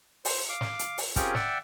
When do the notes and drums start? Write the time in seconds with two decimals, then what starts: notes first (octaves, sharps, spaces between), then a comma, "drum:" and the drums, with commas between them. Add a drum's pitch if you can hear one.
0.25 C5, drum: open hi-hat
0.49 F5 D6
0.61 drum: snare
0.79 drum: hi-hat
0.98 drum: open hi-hat
1.16 C4 C#4 F4 G4 G#4 A#4, drum: kick, hi-hat
1.35 D5 E5 F#5 G5 E6, drum: snare